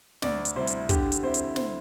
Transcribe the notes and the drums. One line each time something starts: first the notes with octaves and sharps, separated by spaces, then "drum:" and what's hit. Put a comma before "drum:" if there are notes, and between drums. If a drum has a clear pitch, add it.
D2 D5, drum: snare
drum: hi-hat
C3 G3 E4 C5
drum: hi-hat
D3 G4, drum: kick, hi-hat
drum: hi-hat
C4 E4 C5
drum: hi-hat
C5, drum: snare